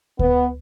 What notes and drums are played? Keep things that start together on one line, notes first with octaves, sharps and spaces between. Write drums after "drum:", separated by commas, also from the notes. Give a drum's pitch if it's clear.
B3, drum: kick D2